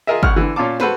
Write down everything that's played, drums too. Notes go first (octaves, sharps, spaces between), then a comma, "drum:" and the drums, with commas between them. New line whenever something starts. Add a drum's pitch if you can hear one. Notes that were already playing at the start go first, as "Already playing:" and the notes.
F4 G#4 A#4 D#5 E5
C2 F#5 C#6 F6, drum: kick
D3 E3
A#2 C#4 F4 F5 A5 D6
F#4 A4 B4 C5, drum: snare